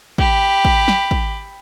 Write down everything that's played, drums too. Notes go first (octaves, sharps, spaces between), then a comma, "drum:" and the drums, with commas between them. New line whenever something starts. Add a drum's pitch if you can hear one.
G4 B5, drum: kick
drum: kick
drum: snare
drum: kick